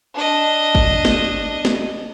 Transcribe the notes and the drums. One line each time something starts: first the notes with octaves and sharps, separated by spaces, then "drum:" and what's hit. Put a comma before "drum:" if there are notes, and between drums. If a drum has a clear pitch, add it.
D4 D#5
drum: kick
drum: snare
drum: snare